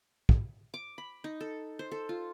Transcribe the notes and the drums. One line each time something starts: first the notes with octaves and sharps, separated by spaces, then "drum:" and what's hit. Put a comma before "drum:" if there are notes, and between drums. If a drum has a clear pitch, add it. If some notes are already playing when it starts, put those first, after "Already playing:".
drum: kick
D6
B5
D#4
A4
C5
A4
F4